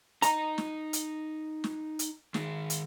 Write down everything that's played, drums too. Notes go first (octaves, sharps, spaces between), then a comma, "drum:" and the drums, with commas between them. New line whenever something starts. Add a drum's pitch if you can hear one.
D#4 D#5 A#5, drum: hi-hat
drum: snare
drum: hi-hat
drum: snare
drum: hi-hat
D#3 G#4, drum: snare
drum: hi-hat